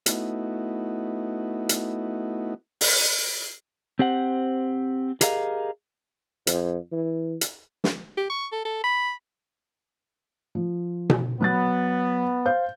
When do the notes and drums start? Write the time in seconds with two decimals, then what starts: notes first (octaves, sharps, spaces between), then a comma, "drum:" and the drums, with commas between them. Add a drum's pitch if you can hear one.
0.06 A3 B3 D#4 E4 F#4, drum: hi-hat
1.69 drum: hi-hat
2.81 drum: open hi-hat
3.99 C4 G4 C5 F#5
5.21 G4 G#4 A#4 D#5 F5, drum: hi-hat
6.47 F2, drum: hi-hat
6.92 E3
7.41 drum: hi-hat
7.84 drum: snare
8.17 G4
8.30 C#6
8.52 A4
8.65 A4
8.84 B5
10.55 F3
11.10 drum: tom B2
11.40 F#3 B3 F#6 A6
12.46 C5 F5 G6